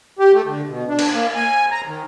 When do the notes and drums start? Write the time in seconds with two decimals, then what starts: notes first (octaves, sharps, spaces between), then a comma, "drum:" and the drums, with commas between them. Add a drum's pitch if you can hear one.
0.19 G4
0.33 A3
0.47 D3
0.69 B2
0.88 D4
0.99 drum: cymbal
1.13 A#3
1.35 G#5
1.71 A#5
1.87 D#3